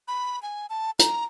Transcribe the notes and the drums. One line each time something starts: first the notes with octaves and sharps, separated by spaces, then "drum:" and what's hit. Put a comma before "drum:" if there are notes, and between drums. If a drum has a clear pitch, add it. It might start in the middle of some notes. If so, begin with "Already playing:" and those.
B5
G#5
A5
A#5, drum: hi-hat